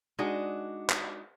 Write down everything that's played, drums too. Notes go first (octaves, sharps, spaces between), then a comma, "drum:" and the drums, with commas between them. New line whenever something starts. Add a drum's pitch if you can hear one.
G#3 D4 D#4 F#4
drum: clap